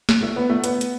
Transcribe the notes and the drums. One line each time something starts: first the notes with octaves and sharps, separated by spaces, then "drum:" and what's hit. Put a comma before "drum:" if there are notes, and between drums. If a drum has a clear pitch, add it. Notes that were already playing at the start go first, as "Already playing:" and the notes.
drum: snare
A3
B3
A3
B3, drum: hi-hat
drum: hi-hat